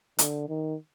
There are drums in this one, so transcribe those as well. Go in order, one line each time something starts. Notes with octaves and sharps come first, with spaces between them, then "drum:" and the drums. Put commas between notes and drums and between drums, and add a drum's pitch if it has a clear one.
D3, drum: hi-hat
D#3